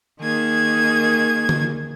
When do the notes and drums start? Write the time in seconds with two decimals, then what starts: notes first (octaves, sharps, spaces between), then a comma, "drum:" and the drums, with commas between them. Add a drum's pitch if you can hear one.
0.20 D#3 A#3 G#4 G#6
1.49 drum: tom D3